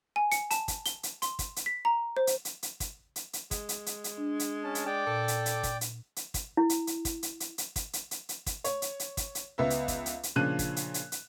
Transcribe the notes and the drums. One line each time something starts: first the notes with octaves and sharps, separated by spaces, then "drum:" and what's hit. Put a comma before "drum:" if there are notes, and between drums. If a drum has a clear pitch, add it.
G#5
C#7, drum: hi-hat
A5, drum: hi-hat
drum: kick, hi-hat
G7, drum: hi-hat
drum: hi-hat
C6, drum: hi-hat
drum: kick, hi-hat
drum: hi-hat
B6
A#5
C5
drum: hi-hat
drum: hi-hat
drum: hi-hat
drum: kick, hi-hat
drum: hi-hat
drum: hi-hat
G#3, drum: kick, hi-hat
drum: hi-hat
drum: hi-hat
drum: hi-hat
D4
drum: hi-hat
C#4 A5
drum: hi-hat
G#3 D5 G5 D6
A#2 A4
drum: hi-hat
drum: hi-hat
drum: kick, hi-hat
drum: hi-hat
drum: hi-hat
drum: kick, hi-hat
E4
drum: hi-hat
drum: hi-hat
drum: kick, hi-hat
drum: hi-hat
drum: hi-hat
drum: hi-hat
drum: kick, hi-hat
drum: hi-hat
drum: hi-hat
drum: hi-hat
drum: kick, hi-hat
C#5, drum: hi-hat
drum: hi-hat
drum: hi-hat
drum: kick, hi-hat
drum: hi-hat
C#2 B3 B4 E5
drum: hi-hat
drum: kick, hi-hat
drum: hi-hat
drum: hi-hat
A#2 C#3 F3 D4 F#6 D#7
drum: kick, hi-hat
drum: hi-hat
drum: hi-hat
drum: hi-hat